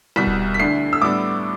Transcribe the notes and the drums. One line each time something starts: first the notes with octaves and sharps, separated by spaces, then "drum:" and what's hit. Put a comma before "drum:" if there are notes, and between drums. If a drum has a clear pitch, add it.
C2 B2 G3 B6
drum: kick D#1
B6
D2 D3 A3 D4 C7
E6
A2 G3 B3 D4 D6